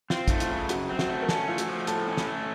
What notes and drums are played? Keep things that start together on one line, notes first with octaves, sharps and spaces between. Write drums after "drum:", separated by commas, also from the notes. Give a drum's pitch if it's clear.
C4 F4, drum: snare
A3 D#4, drum: kick, hi-hat
F4, drum: hi-hat
C#3
F#2 F#4, drum: hi-hat
C4
F#4, drum: snare
A3
A#4
C#4 A4, drum: snare
A3 F4
F#4, drum: hi-hat
F3
A2 A4, drum: hi-hat
C#4
drum: snare
A3